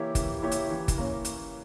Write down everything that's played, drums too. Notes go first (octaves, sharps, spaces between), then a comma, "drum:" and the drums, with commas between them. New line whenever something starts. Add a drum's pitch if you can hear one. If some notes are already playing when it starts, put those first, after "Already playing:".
Already playing: E3 A#3 E4 G4 C#5
E3, drum: kick, hi-hat
A#3 E4 G4 C#5
drum: hi-hat
E3
drum: kick, hi-hat
A#3 C#4
drum: hi-hat